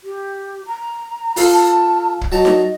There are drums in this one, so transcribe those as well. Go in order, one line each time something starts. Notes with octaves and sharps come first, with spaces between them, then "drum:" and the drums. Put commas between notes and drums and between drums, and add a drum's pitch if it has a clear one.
G4
A#5
F4 A4 F5, drum: open hi-hat
A5
drum: kick
F#3 D#5 A5 A#5
drum: snare D#4